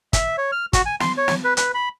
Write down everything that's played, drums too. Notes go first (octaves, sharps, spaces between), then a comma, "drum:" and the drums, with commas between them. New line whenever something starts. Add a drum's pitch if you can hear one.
E5, drum: kick, hi-hat
C#5
F6
F#4, drum: kick, hi-hat
G#5
C6, drum: snare
C#5
drum: snare
B4
B4, drum: hi-hat
B5